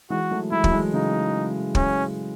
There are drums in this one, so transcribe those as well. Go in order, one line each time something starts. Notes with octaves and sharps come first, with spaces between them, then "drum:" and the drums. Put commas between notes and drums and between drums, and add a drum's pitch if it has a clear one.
E3 G#3 F#4
F#3 A3
E3 G#3 E4
F#3, drum: kick
E3 G#3
C#3 E3 D#4
C#4, drum: kick